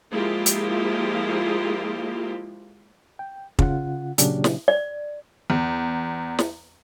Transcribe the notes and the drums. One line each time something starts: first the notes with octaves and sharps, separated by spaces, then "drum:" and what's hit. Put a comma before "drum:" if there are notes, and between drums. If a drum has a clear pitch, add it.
F3 G#3 A#3 E4 F4 G4
drum: hi-hat
G5
C#3 F4 F#5, drum: kick
A#2 C#3 F#3 C#4 D4 G4, drum: hi-hat
drum: snare
D5
E2
drum: snare